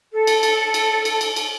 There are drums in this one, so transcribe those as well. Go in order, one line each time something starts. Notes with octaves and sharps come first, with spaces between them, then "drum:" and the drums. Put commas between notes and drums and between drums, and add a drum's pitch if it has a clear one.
A4
drum: cymbal
drum: cymbal
drum: cymbal
drum: cymbal
drum: cymbal
drum: cymbal